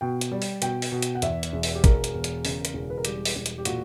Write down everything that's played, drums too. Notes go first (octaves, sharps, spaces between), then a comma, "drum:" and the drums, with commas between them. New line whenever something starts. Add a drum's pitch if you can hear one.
B2 G5
drum: hi-hat
G3
drum: open hi-hat
B2 G5, drum: hi-hat
drum: open hi-hat
B2
drum: hi-hat
F#5
E2 E5, drum: hi-hat
drum: hi-hat
E1
drum: open hi-hat
G4
E1 A#4, drum: kick, hi-hat
drum: hi-hat
E2
drum: hi-hat
C#3, drum: open hi-hat
drum: hi-hat
E1
B4
A#4
G3 G4, drum: hi-hat
drum: open hi-hat
E1
drum: hi-hat
G4
A#2 F#4, drum: hi-hat